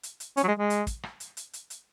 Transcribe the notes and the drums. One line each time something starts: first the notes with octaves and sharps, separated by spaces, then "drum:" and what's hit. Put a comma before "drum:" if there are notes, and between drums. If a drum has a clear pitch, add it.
drum: hi-hat
drum: hi-hat
C#4, drum: hi-hat
F#3
G#3
G#3
drum: hi-hat
drum: kick, hi-hat
drum: rim click
drum: hi-hat
drum: hi-hat
drum: hi-hat
drum: hi-hat